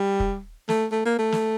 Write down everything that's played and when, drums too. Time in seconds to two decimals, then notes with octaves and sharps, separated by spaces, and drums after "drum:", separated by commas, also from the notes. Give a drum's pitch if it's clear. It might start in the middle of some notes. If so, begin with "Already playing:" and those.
Already playing: G3
0.20 drum: kick
0.69 A3, drum: snare
0.92 A3
1.06 A#3
1.19 A3
1.32 drum: snare